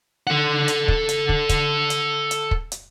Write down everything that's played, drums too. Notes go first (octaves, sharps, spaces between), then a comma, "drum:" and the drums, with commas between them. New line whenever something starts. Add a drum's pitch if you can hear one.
A4 F#5
drum: hi-hat
drum: kick
drum: hi-hat
drum: kick
drum: kick, hi-hat
drum: hi-hat
drum: hi-hat
drum: kick
drum: hi-hat